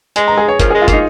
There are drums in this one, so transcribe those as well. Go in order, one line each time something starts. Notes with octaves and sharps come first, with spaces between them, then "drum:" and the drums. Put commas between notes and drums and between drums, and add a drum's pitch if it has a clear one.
G#3 G#5, drum: hi-hat
A#5
G#4
C#5
F3 A#4, drum: kick, hi-hat
G#3 G#4
F4
A#3 D#4, drum: kick, hi-hat